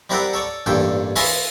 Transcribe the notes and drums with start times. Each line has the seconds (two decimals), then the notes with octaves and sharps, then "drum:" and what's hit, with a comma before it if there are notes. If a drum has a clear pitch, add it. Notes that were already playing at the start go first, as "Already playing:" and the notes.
0.10 G3 C4 E4 A#4 D5 F#5
0.33 A4 C#5 D5
0.66 A1 G2 A#2 A4 G5
1.16 E4 F4 G#4 C#5 D#5 G#5, drum: open hi-hat